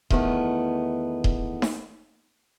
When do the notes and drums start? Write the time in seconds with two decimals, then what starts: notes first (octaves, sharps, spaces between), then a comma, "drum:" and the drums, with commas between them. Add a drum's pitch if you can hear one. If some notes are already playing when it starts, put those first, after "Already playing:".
0.10 E2 D#3 A3 B3, drum: kick D#1
1.24 drum: kick D#1
1.62 drum: snare D#4